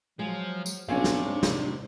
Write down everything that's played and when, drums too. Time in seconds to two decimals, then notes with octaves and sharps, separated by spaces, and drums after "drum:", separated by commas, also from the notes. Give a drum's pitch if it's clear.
0.19 F3 F#3 G#3
0.66 drum: tambourine
0.88 B1 C3 C#4 D4 F5
1.04 drum: snare
1.24 G#2 D4
1.43 drum: snare